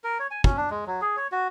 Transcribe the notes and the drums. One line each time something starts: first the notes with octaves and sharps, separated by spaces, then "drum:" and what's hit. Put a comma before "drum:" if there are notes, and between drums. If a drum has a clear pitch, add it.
A#4
C#5
G#5
C#4, drum: kick
D4
G#3
F#3
G#4
C#5
F#4